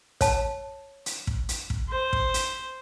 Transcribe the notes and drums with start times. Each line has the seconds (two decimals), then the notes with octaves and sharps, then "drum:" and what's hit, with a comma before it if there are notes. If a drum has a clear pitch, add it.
0.21 C#5 A5, drum: kick, hi-hat
1.06 drum: hi-hat
1.27 drum: kick
1.49 drum: hi-hat
1.70 drum: kick
1.89 C5
2.13 drum: kick
2.34 drum: hi-hat